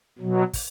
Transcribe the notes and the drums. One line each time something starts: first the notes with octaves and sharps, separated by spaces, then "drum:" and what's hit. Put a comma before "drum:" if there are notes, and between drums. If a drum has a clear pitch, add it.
B2 F#3
drum: kick, open hi-hat